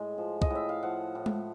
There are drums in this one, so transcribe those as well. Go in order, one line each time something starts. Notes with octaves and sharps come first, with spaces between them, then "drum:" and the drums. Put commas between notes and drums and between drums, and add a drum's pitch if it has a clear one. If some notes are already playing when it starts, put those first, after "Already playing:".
Already playing: A2 G#3
F3
D#5, drum: kick
A2 E5
F5
F3 F#5
A2
drum: tom G#3